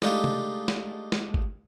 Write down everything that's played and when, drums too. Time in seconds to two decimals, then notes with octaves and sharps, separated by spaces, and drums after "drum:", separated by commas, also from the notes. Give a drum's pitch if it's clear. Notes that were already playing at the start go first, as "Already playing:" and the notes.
0.02 G#3 A3 D4 D#4 F4 G4, drum: snare
0.24 drum: tom C3
0.68 drum: snare
1.12 drum: snare
1.34 drum: kick